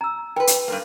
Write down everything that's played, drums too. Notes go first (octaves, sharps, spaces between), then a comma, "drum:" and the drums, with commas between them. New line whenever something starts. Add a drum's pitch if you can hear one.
A#5 E6
A#4 B4 G5
drum: hi-hat
G2 A#2 A#3